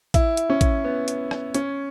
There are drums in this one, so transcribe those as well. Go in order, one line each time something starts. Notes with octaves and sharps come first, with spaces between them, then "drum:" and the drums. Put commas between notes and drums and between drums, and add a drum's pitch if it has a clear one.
E4, drum: kick A1, hi-hat
drum: hi-hat
C#4
drum: kick A1, hi-hat
B3
drum: hi-hat
drum: rim click
C#4, drum: hi-hat